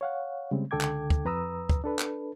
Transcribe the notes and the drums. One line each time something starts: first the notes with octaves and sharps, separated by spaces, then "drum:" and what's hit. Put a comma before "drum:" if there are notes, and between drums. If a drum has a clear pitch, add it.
C#5 F5 F#5
C#3 G3 G#3 C4
C#2 D3 A4 G5 D6 G#6
drum: clap
drum: kick
F2 B4 A#5 D#6 E6
drum: kick
D4 A4 B4
drum: clap